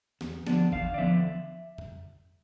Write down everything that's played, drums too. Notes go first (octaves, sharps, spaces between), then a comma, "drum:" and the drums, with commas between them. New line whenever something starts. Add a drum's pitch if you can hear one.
E2, drum: snare
D3 F3 B3 D4, drum: snare
E2 F5, drum: kick G#1
D5
D3 F3 B3 D4 E5
drum: tom